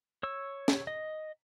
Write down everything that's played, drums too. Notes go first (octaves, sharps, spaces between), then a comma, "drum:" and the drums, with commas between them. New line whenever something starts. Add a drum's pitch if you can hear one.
C#5 E6
drum: snare
D#5